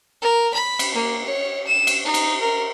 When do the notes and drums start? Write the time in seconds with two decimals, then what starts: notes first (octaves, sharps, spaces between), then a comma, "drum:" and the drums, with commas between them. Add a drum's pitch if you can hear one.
0.22 A#4
0.54 B5
0.79 drum: cymbal
0.94 A#3
1.26 C#5
1.67 E7
1.87 drum: cymbal
2.05 D#4
2.14 drum: cymbal
2.41 A#4